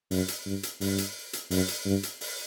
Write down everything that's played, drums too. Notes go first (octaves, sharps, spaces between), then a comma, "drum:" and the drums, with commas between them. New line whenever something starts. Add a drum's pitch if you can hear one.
F#2, drum: open hi-hat
drum: hi-hat
G2
drum: hi-hat
G2, drum: open hi-hat
drum: hi-hat
drum: hi-hat
F#2, drum: open hi-hat
drum: hi-hat
G2
drum: hi-hat
drum: open hi-hat